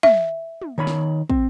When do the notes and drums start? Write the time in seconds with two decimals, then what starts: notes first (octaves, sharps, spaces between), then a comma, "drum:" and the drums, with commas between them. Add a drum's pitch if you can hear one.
0.03 E5, drum: tom
0.61 drum: tom
0.78 D#3 C#5 B5
0.87 drum: snare
1.30 C4, drum: kick